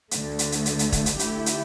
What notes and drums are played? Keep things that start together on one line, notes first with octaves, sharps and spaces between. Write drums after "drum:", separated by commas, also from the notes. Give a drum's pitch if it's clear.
D2 D3 A3, drum: hi-hat
drum: hi-hat
drum: hi-hat
drum: hi-hat
drum: hi-hat
drum: kick, hi-hat
drum: hi-hat
D3 A3 E4 G4, drum: hi-hat
drum: hi-hat